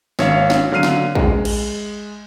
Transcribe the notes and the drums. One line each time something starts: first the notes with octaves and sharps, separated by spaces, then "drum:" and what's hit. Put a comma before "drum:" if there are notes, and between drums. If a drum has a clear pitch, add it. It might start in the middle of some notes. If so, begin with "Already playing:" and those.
G#1 C#5 E5 F5, drum: snare
drum: snare
D3 F#3 F5 F6 C7 D#7
drum: snare
G#3, drum: kick
drum: cymbal